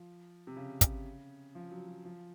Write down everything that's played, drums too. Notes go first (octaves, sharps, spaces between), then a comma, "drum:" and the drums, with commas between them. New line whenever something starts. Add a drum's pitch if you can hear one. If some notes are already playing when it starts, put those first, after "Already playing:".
Already playing: F3
C3
C#3
drum: kick, hi-hat
F3
F#3
F#3
F3